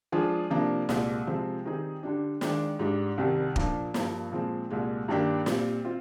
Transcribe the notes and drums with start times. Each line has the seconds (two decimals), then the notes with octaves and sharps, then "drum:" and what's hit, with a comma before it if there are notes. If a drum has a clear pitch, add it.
0.12 F3 G#3 D4 F4 G#4
0.50 C3 F3 A#3 D4
0.89 C2 A#2 G#3, drum: snare
1.27 C3 F3 G#3 C4
1.65 D#3 G3 C4 D#4 G#4
2.03 D3 G3 D4
2.41 D#3 G#3 D4, drum: snare
2.79 G#2 G3 D4
3.18 C2 C3 D#3 G3
3.56 A#2 F3 A#3 D4, drum: kick
3.94 G2 F3 A#3, drum: snare
4.32 A#2 F3 G#3 C4
4.70 C2 A#2 G#3
5.08 G2 D#3 A#3 D4 G4
5.46 A#2 G3 C4, drum: snare
5.85 C4 F4